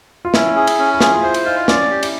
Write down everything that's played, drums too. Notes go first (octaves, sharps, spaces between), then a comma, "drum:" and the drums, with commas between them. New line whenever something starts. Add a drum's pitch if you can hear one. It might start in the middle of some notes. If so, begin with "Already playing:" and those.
F4
C#4 E4, drum: snare
G#4
drum: cymbal
C#4
E4
F4 G#4, drum: snare
F4
E4 C5
drum: cymbal
D#4 F4
C#4 D5, drum: snare
G4
E4, drum: cymbal